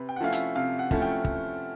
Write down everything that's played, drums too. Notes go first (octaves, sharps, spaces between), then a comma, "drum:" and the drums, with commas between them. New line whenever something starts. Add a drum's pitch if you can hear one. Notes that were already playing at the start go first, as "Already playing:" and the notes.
Already playing: C3 B4
G5
F#5
F3 A3 C#4 E4 F5
E5, drum: hi-hat
C3 F5
F#5
F3 A3 C#4 E4, drum: kick
G5
drum: kick